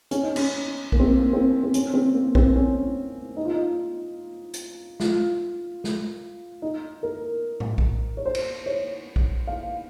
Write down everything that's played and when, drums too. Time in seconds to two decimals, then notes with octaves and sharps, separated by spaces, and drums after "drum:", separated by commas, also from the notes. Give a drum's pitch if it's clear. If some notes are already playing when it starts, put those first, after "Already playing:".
0.11 C#4, drum: hi-hat
0.23 D#4
0.36 C#4, drum: cymbal
0.92 A#3, drum: kick A#1
1.00 C4
1.07 A#3
1.33 C4
1.63 C4
1.74 C#4, drum: hi-hat
1.94 C4
2.14 A#3
2.35 C4, drum: kick A#1
2.56 C#4
3.37 D#4
3.45 F4
3.54 D#4
4.54 drum: hi-hat
5.00 F4, drum: snare
5.84 drum: snare
6.62 D#4
7.03 A#4
7.60 drum: tom A2
7.78 drum: kick A#1
8.17 C#5
8.26 C5
8.35 drum: cymbal
8.66 C#5
9.16 drum: kick A#1
9.47 F5